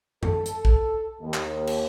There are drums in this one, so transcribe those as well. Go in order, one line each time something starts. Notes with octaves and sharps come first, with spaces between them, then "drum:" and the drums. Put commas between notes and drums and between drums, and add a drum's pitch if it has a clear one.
A4, drum: tom F2
drum: hi-hat
drum: kick
D#2
drum: clap
drum: cymbal